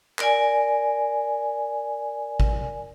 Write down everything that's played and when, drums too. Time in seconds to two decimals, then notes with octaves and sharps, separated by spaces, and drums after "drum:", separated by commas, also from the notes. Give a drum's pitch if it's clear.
0.19 A#4 D5 G#5, drum: clap
2.40 drum: kick